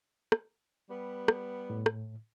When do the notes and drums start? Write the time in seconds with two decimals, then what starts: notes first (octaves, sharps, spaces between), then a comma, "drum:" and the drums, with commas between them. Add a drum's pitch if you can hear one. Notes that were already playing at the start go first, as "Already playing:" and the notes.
0.32 drum: rim click
0.90 G3 B3
1.28 drum: rim click
1.70 A2
1.86 drum: rim click